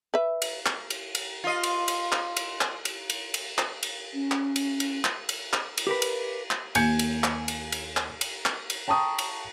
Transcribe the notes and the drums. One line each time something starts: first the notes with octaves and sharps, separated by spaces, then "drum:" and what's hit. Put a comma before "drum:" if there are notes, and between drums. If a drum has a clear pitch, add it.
B4 E5
drum: cymbal
drum: clap
drum: cymbal
drum: cymbal
F4 D#5
drum: cymbal
drum: cymbal
drum: clap
drum: cymbal
drum: clap
drum: cymbal
drum: cymbal
drum: cymbal
drum: clap
drum: cymbal
C#4
drum: clap
drum: cymbal
drum: cymbal
drum: clap
drum: cymbal
drum: clap
drum: cymbal
G4 A#4 B4
drum: cymbal
drum: clap
D#2 G#5 G6 G#6 C#7, drum: cymbal
drum: cymbal
drum: clap
drum: cymbal
drum: cymbal
drum: clap
drum: cymbal
drum: clap
drum: cymbal
G5 A5 A#5 C#6 D#6
drum: cymbal